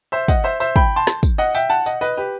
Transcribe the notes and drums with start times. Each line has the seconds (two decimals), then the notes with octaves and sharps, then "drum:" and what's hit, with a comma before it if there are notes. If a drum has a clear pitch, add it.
0.12 C5 E5
0.28 D#5 F#5, drum: kick, tambourine
0.44 C5 E5
0.60 C5 E5, drum: tambourine
0.76 G5 B5, drum: kick
0.96 A5 C6
1.07 drum: snare
1.23 drum: kick, tambourine
1.38 D#5 F#5
1.55 E5 G5, drum: tambourine
1.70 F#5 A5
1.86 D#5 F#5, drum: tambourine
2.01 B4 D#5
2.17 G4 B4